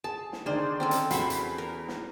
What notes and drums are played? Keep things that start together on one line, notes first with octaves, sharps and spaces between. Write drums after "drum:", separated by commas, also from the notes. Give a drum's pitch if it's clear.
G#4 A5
drum: snare
D3 D#3 G#4 C5 D5
C4 C#4 A4
drum: hi-hat
E2 F#4 E5 B5 C7, drum: hi-hat
drum: hi-hat
A#4
drum: snare